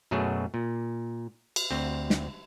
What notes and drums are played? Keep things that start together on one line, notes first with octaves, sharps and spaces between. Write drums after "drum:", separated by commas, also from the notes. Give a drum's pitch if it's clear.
F#2 B2 F#3 A3 G#4
A#2
drum: cymbal
D2 C4
drum: snare